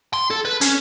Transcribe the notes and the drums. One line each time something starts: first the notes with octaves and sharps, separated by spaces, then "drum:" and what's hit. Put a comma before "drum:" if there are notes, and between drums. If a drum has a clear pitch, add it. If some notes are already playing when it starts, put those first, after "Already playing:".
C6
A4
B4
C#4, drum: hi-hat